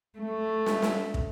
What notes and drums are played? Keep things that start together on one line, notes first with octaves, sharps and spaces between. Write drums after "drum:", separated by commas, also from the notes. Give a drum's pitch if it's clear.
A3
drum: snare
drum: snare
drum: kick